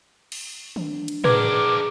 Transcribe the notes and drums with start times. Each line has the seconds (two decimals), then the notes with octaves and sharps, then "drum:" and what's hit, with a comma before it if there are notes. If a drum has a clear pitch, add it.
0.32 drum: cymbal
0.76 D4, drum: tom D#3
1.08 drum: cymbal
1.24 D4 G#4 A#4 B4 D6, drum: tom A2